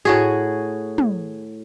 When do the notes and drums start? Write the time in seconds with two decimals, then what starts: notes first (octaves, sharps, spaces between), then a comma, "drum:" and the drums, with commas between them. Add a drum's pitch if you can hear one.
0.05 A2 F#4 G#4
0.98 drum: tom